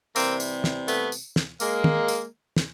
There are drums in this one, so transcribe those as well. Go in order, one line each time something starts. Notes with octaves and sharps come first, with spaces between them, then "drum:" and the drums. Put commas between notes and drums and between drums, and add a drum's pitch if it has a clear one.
C3 E3 G3 A#3 C4, drum: tambourine
drum: tambourine
drum: snare
A3 B3, drum: tambourine
drum: tambourine
drum: snare
G#3 A#3, drum: tambourine
drum: tom D#3
drum: tambourine
drum: snare